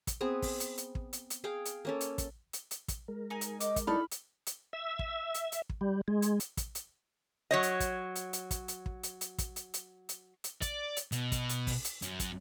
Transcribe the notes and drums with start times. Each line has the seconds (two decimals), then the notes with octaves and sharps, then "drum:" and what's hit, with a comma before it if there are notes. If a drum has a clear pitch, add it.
0.07 drum: kick, hi-hat
0.21 B3 C4 G#4
0.42 drum: kick, open hi-hat
0.60 drum: hi-hat
0.78 drum: hi-hat
0.95 drum: kick
1.13 drum: hi-hat
1.30 drum: hi-hat
1.44 G#4 F5 G5
1.65 drum: hi-hat
1.85 A#3 C#4 A4
2.01 drum: hi-hat
2.18 drum: kick, hi-hat
2.53 drum: hi-hat
2.71 drum: hi-hat
2.88 drum: kick, hi-hat
3.08 G#3 A#4
3.30 D#4 G#5
3.41 drum: hi-hat
3.60 D#5 D6, drum: hi-hat
3.76 drum: kick, hi-hat
3.87 D#4 E4 A4 D5 B5 F6
4.11 drum: hi-hat
4.47 drum: hi-hat
4.73 E5
4.99 drum: kick
5.34 drum: hi-hat
5.52 drum: hi-hat
5.69 drum: kick
5.81 G3
6.08 G#3
6.22 drum: hi-hat
6.40 drum: hi-hat
6.57 drum: kick, hi-hat
6.75 drum: hi-hat
7.51 F#3 C#5 D#5
7.63 drum: hi-hat
7.80 drum: kick, hi-hat
8.15 drum: hi-hat
8.33 drum: hi-hat
8.51 drum: kick, hi-hat
8.68 drum: hi-hat
8.86 drum: kick
9.03 drum: hi-hat
9.21 drum: hi-hat
9.38 drum: kick, hi-hat
9.56 drum: hi-hat
9.74 drum: hi-hat
10.09 drum: hi-hat
10.44 drum: hi-hat
10.62 D5, drum: kick, hi-hat
10.97 drum: hi-hat
11.12 B2, drum: hi-hat
11.32 drum: kick, hi-hat
11.49 drum: hi-hat
11.67 drum: kick, open hi-hat
11.84 drum: hi-hat
12.02 F#2, drum: hi-hat
12.20 drum: kick, hi-hat